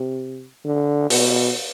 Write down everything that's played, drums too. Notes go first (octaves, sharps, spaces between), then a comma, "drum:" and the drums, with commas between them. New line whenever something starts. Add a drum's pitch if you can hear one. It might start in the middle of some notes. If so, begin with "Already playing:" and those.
Already playing: C3
D3
B2, drum: open hi-hat